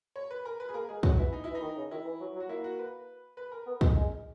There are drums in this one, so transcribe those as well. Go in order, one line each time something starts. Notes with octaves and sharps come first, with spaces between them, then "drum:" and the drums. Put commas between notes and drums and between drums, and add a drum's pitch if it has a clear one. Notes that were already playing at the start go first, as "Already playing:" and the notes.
C#5
B4
A#4
B4
G#4
A#3 A#4
G#3 G#4
F#3 F#4, drum: kick
E3 E4
D#4
E4
E3 D#4
D#3
C#3
D#3 E4
E3
F#3
F#3
F#4
A#3 E4
F#4
B4
B4
A#4
B3
G#3, drum: kick
G#3